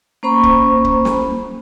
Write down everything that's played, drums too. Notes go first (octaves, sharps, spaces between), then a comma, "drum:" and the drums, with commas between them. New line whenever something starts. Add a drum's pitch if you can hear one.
A#3 C#4 C5 A#5 B5 C#6
drum: kick C#1
drum: kick C#1
drum: snare